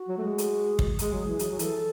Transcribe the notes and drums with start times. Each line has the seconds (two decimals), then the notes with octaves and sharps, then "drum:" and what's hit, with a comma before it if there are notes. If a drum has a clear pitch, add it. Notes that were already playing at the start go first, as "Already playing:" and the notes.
Already playing: F#4
0.09 F#3
0.18 A3
0.24 G#3
0.38 drum: hi-hat
0.79 drum: kick
0.99 G#3 G#4, drum: hi-hat
1.13 F#3
1.25 E3
1.39 F#3, drum: hi-hat
1.50 F#3
1.59 E3 A4, drum: hi-hat